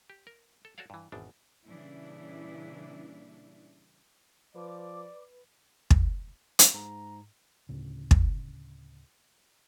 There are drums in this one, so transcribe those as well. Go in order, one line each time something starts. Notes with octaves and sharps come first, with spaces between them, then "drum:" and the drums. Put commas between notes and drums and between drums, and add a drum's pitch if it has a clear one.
G4
A#4
A4
F#4 A4 C#5 D5 F5
G2 E3
G#1 E2 B2 D4
A#2 C#3 E3 G3 D4 E4
F3 B4 D5 D6
drum: kick
drum: hi-hat
G#2 A#5
D2 A2 C#3
drum: kick